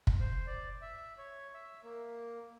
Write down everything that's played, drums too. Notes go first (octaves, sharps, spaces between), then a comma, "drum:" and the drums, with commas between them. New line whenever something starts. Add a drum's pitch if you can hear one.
drum: kick
C5
D5
E5
C#5
E5
A#3